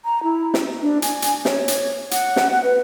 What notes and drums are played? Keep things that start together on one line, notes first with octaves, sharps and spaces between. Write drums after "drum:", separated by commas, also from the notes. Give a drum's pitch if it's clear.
A#5
E4
drum: snare
D4
G#5, drum: hi-hat
drum: hi-hat
C#5, drum: snare
drum: hi-hat
F#5, drum: hi-hat
drum: snare
F#5
B4